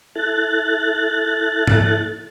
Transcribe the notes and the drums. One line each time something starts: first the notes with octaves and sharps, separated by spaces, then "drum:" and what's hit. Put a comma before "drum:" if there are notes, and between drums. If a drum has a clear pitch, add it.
E4 A4 F#6 A6
drum: tom G#2